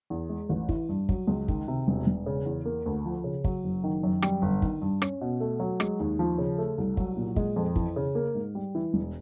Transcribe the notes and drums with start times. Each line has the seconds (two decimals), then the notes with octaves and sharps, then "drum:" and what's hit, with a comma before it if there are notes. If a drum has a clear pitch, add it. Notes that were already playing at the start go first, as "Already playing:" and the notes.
0.10 E2
0.29 G#3
0.49 A1
0.69 E3, drum: kick
0.89 G2
1.09 F#3, drum: kick
1.27 C#2
1.48 D#3, drum: kick
1.68 C3
1.87 E1
2.07 E1
2.26 C#3
2.46 E2
2.65 A#3
2.86 D2
3.05 F3
3.24 C#3
3.44 F#3, drum: kick
3.64 F#1
3.84 D#3
4.03 F#2
4.22 G3, drum: rim click
4.42 G1
4.62 D#3, drum: kick
4.82 G2
5.02 C#4, drum: rim click
5.21 B2
5.40 A3
5.60 F#3
5.80 G#3, drum: rim click
6.00 D#2
6.19 F3
6.38 C#3
6.58 A3
6.78 C2
6.97 F#3, drum: kick
7.17 A#2
7.36 G#3, drum: kick
7.56 F2
7.76 E3, drum: kick
7.96 C#3
8.15 A#3
8.35 G#2
8.55 G3
8.75 E3
8.93 E1